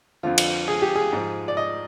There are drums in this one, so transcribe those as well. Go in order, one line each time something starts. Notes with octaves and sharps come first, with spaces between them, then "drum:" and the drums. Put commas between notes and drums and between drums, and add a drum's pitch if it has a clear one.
F2 D3 F3 F4
drum: cymbal
G#4
G4
G#4
G#2 F3
D5
D#5